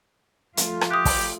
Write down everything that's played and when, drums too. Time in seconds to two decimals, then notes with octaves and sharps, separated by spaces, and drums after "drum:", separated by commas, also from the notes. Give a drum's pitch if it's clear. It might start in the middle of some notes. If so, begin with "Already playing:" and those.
0.57 F3 A3 F4, drum: hi-hat
0.81 drum: rim click
0.90 G4 D#6 F#6
1.05 drum: kick, open hi-hat